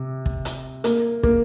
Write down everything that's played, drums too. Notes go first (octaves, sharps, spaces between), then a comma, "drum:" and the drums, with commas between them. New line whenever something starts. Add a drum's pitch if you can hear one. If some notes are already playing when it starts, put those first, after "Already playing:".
Already playing: C3
drum: kick
drum: hi-hat
A#3, drum: hi-hat
A#3, drum: kick